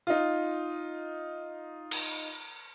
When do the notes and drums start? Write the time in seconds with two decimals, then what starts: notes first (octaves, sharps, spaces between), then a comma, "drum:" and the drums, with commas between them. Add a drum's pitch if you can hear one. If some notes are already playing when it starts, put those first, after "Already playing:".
0.07 D#4 F4
1.91 drum: cymbal